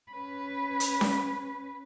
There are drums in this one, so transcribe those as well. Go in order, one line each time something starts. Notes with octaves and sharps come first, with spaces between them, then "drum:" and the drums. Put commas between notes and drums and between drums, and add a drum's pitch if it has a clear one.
C#4 B4
drum: hi-hat
drum: snare C#4